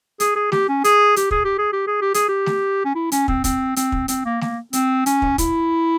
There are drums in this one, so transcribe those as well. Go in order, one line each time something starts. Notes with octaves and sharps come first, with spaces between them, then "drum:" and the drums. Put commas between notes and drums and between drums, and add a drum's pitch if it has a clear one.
G#4, drum: hi-hat
G#4
G4, drum: snare A3
C#4
G#4, drum: hi-hat
G4, drum: hi-hat
G#4, drum: kick
G4
G#4
G4
G#4
G4
G#4, drum: hi-hat
G4
drum: snare A3
C#4
E4
C#4, drum: hi-hat
C4, drum: kick
C4, drum: kick, hi-hat
C4, drum: hi-hat
drum: kick
C4, drum: hi-hat
A#3
A#3, drum: snare A3
C4, drum: hi-hat
C#4, drum: hi-hat
drum: kick
E4, drum: kick, hi-hat